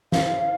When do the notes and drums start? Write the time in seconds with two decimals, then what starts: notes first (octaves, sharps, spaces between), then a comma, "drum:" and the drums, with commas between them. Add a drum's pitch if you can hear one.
0.12 F5, drum: snare